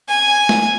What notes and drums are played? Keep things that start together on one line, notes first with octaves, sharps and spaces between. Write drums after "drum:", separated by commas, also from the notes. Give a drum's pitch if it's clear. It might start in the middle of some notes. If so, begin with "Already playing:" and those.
G#5
drum: snare